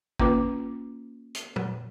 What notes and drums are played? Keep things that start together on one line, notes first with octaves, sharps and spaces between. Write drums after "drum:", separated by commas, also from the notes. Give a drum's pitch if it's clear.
A#3 C#4 F4 B4 D6, drum: kick
drum: hi-hat
drum: tom